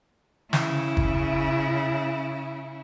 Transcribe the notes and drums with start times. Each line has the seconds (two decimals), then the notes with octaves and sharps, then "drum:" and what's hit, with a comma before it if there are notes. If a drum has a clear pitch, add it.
0.53 C#3 E4, drum: snare
0.97 drum: kick